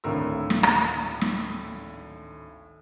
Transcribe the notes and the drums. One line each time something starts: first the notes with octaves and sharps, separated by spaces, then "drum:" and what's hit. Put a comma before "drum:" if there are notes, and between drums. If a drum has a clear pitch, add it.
G#1 D2 A2 A#4 E6
drum: snare
drum: rim click
drum: snare